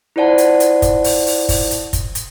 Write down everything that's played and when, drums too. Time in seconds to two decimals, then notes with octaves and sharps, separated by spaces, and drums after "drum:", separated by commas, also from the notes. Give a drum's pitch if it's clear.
0.16 E4 F4 C5 D5 F#5 A5
0.38 drum: hi-hat
0.60 drum: hi-hat
0.82 drum: kick, hi-hat
1.04 drum: open hi-hat
1.26 drum: open hi-hat
1.49 drum: kick, open hi-hat
1.71 drum: hi-hat
1.93 drum: kick, hi-hat
2.15 drum: hi-hat